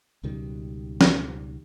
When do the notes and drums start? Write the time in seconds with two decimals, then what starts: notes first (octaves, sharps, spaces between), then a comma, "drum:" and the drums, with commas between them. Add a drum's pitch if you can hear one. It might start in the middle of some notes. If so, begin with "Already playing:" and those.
0.23 C#2 B2 D#3 G3
1.01 drum: snare